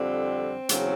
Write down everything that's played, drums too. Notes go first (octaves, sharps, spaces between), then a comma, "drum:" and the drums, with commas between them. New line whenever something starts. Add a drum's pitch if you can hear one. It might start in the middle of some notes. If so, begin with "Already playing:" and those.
Already playing: F2 D3 G3 C4
E2 C#3 F#3, drum: hi-hat